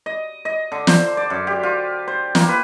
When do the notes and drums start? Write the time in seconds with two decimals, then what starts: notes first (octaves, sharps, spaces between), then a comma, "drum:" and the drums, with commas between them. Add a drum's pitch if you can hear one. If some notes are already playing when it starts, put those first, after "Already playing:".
0.06 D#5
0.45 D#5
0.72 D3
0.87 C5, drum: snare
1.17 D5
1.30 F#2
1.47 G4
1.63 F4
2.08 C5
2.35 A#3, drum: snare
2.48 B4